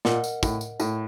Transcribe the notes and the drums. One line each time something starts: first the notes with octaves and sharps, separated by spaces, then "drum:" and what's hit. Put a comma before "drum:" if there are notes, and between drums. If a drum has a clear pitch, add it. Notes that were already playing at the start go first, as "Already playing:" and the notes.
A#2 A#4 D#5 F#5, drum: snare
drum: tambourine
A2, drum: kick, tambourine
drum: tambourine
A2, drum: tambourine